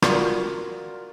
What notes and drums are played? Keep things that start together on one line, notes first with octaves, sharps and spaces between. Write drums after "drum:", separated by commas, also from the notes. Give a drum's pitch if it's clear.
F4 F#4 A#4 D5 F#5, drum: rim click